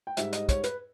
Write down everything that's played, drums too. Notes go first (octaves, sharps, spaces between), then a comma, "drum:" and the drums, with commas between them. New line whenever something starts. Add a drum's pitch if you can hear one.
G5
G#2 G3 E5, drum: hi-hat
D#5, drum: hi-hat
C#5, drum: kick, hi-hat
B4, drum: hi-hat